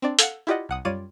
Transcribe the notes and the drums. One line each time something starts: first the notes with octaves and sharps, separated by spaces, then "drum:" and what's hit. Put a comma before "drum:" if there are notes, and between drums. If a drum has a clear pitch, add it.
C4 D4 D5
A4 F5 F#5, drum: hi-hat
E4 F4 G4 D5 D#5 F#5
C2 F#5 D#6
F#2 G3 F4 C#5 D5 D#7